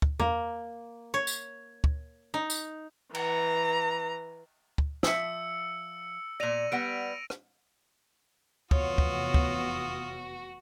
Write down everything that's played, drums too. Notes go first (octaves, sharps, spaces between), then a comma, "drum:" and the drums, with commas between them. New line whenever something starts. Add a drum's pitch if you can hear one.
drum: kick
A#3, drum: tom E2
C#5
drum: tambourine
drum: kick
D#4
drum: tambourine
E3 A#5, drum: cymbal
drum: kick
F3 E5 E6 C#7, drum: snare
A#2 D5 A#6 D#7 F7
G3 B3 F#5 A#6 D7
drum: rim click
F1 E2 B3 F4 F#4 C#5 D#6, drum: kick
drum: kick
drum: kick